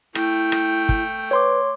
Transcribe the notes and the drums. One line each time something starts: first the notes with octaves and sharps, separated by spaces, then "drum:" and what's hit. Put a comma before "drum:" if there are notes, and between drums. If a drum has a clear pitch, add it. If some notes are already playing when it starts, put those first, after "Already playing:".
A3 E4 G5, drum: rim click
drum: rim click
drum: kick
B4 C#5 C6 D6